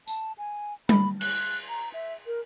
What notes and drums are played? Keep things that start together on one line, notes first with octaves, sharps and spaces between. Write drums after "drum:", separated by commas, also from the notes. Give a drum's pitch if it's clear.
A5, drum: tambourine
G#5
B5, drum: tom G3
F#6, drum: cymbal
A#5
E5
A#4